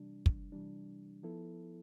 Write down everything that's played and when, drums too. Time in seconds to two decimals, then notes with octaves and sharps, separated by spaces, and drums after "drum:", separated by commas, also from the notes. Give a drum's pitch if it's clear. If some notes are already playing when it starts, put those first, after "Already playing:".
Already playing: C3 E3 G3 D4
0.26 drum: kick
0.52 C3 E3 G3 D4
1.23 F3 B3 E4 A4